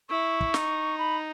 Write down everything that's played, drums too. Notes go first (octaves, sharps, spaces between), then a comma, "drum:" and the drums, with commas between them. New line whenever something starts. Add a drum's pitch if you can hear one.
E4 C#6
drum: kick
D#4, drum: snare
B5